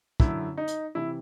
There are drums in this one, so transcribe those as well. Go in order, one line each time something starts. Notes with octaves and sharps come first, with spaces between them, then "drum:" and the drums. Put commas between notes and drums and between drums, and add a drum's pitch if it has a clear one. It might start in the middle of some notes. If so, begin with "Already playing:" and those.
F#2 D3 E4, drum: kick
D#4
drum: hi-hat
C3 E3 E4